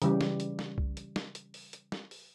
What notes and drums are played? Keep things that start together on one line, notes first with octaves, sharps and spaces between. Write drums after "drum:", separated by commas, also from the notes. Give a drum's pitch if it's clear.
C#3 E3 G3 G4, drum: hi-hat
drum: snare
drum: hi-hat
drum: snare
drum: kick C2
drum: hi-hat
drum: snare
drum: hi-hat
drum: open hi-hat
drum: hi-hat
drum: snare
drum: open hi-hat